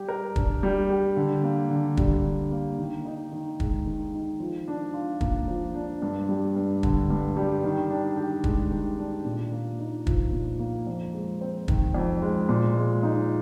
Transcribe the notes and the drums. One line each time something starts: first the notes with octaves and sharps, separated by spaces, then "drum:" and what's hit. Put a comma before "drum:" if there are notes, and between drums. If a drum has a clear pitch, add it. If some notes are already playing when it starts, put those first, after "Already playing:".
Already playing: G3 G4
A#4
D4, drum: kick
G3
G4
D3
A#3
D3
G3, drum: kick
D3
A#3
D#3
D#4
D#3
G#3, drum: kick
D#3
D#4
F3
D4
F4
A#3, drum: kick
F3
D4
G2
G3
G2
D3, drum: kick
G2
G3
D#3
D4
G4
G#3, drum: kick
D#3
D4
A#2
A#3
D#4
F3, drum: kick
A#2
A#3
F2
G#3
C4
D#3, drum: kick
F2
G#3
A#2
G#3
D#4